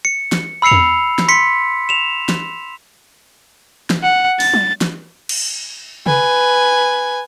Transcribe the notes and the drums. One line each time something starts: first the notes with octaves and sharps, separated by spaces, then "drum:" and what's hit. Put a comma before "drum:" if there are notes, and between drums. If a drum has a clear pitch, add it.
C#7
drum: snare
B5 E6 C7 C#7 F7
drum: tom E2
drum: snare
C6 B6 C#7
E7 F7
drum: snare
drum: snare
F#5
A6, drum: open hi-hat
drum: tom F#3
drum: snare
drum: cymbal
B4 G#5, drum: tom C3